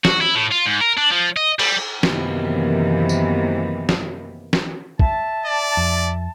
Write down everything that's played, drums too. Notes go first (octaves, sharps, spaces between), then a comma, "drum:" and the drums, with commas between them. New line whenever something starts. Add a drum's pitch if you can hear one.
F#4, drum: snare
E4
A2
F4
G#2
A#4
D4
F3
D#5
G3, drum: cymbal
F#2 C3 D#3 E3 A#3 B3, drum: snare
drum: tambourine
drum: snare
drum: snare
E5 A5, drum: kick
D5
F2